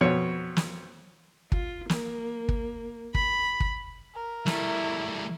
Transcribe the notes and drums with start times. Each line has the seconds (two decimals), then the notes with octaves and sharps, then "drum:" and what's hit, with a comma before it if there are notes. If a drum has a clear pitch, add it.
0.01 F2 B2 C#5
0.57 drum: snare
1.52 F4, drum: kick
1.89 A#3, drum: snare
2.49 drum: kick
3.15 B5, drum: kick
3.60 drum: kick
4.14 A#4
4.46 G3 A3 E4, drum: snare